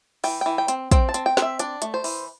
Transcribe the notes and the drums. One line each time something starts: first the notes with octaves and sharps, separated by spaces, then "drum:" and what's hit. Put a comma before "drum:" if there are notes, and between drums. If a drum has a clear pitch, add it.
E3 G5, drum: open hi-hat
E3 G5
G5
C4, drum: hi-hat
C4 G5, drum: kick, hi-hat
A5
C4, drum: hi-hat
G5
C4, drum: snare
E5
D4 D5, drum: hi-hat
A3, drum: hi-hat
C5
E3, drum: open hi-hat